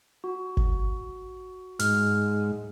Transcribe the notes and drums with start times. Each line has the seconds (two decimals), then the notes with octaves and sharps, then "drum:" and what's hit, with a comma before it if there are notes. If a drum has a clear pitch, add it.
0.24 F#4
0.57 drum: kick G1
1.79 G#2 F6, drum: hi-hat